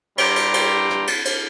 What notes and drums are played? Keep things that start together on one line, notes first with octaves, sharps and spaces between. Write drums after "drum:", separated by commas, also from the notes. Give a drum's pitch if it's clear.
G2 G3 G4 A#5 C6, drum: cymbal
drum: cymbal
drum: cymbal
drum: rim click
drum: cymbal
drum: cymbal